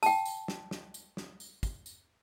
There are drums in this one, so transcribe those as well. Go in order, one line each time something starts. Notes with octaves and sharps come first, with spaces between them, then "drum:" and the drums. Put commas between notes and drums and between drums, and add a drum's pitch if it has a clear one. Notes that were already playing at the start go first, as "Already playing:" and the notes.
G5 A5, drum: tambourine
drum: tambourine
drum: snare
drum: snare
drum: tambourine
drum: snare
drum: tambourine
drum: kick, tambourine
drum: tambourine